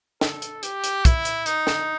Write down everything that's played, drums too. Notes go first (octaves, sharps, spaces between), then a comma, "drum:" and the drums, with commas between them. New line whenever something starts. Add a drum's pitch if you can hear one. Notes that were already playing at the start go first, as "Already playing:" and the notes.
A4, drum: snare
drum: hi-hat
G4, drum: hi-hat
drum: hi-hat
E4, drum: kick, hi-hat
drum: hi-hat
D#4, drum: hi-hat
drum: snare